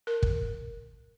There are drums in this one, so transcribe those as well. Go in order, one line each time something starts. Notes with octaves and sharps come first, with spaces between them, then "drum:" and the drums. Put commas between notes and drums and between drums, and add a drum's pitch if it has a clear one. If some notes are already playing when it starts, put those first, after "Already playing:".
A#4
drum: kick